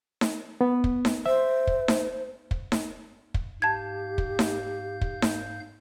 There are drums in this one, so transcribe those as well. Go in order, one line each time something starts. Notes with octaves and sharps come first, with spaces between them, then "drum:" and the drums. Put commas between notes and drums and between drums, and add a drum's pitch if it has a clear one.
drum: snare D#4
B3
drum: kick
drum: snare D#4
C5 E5
drum: kick
drum: snare D#4
drum: kick
drum: snare D#4
drum: kick
G#2 G4 F5 A5 G6 G#6
drum: kick
drum: snare D#4
drum: kick
drum: snare D#4